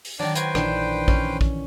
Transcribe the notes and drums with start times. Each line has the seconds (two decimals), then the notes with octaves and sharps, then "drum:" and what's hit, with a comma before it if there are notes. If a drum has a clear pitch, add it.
0.05 drum: open hi-hat
0.19 D#3 F#3 D4 D5
0.35 F#4 B4 C5 G5 G#5, drum: hi-hat
0.55 A#1 D#3 E3 D4, drum: rim click
1.08 C#4, drum: kick
1.41 drum: kick